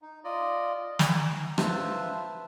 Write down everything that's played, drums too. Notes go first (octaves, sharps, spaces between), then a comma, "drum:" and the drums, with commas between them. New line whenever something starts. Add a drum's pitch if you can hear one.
D#4
F4 D5 D#5
G5 A#5, drum: snare
F4 B4 C5 E5 A5, drum: rim click